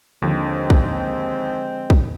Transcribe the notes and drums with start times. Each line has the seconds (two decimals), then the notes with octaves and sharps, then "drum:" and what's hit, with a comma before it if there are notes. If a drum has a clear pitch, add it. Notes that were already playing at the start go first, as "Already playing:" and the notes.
0.22 D#2 D3 F3 G#3 C4
0.70 drum: kick
1.90 drum: kick